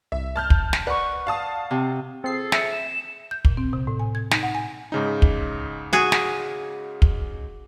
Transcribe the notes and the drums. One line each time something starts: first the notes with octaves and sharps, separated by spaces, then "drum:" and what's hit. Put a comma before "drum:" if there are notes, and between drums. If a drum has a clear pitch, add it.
C2 E5
A5 F6 G6
drum: kick
drum: snare
B4 D5 F#5 C#6
F5 A5 D#6
C3
C4 F4 G#4 A4 C7
E5 C#7, drum: snare
E7
G6
A#2, drum: kick
C4
C3
A2
G#5
G#6
D#4, drum: snare
F#5
G#5
G#2 C#3 D#4
drum: kick
F#4 G#4
drum: snare
drum: kick